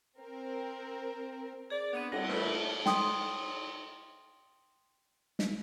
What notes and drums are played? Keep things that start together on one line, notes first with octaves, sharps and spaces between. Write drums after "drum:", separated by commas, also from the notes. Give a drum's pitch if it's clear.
C4 A#4
G#4 D5
B3 C4 D4
G3 C4 E4 F#5, drum: cymbal
A#2 E3 A3 B4 B5
C#5 E5 A5
G5 C6 D#6, drum: snare
drum: snare